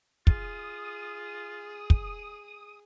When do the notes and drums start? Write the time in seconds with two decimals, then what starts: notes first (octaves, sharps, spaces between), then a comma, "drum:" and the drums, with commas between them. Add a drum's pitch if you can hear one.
0.27 F4 G#4 D#6, drum: kick
1.90 drum: kick